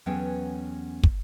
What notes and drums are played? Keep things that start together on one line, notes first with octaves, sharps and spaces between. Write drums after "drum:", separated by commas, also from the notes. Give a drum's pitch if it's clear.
E2 F#3 B3 C#4 A4 G5
drum: kick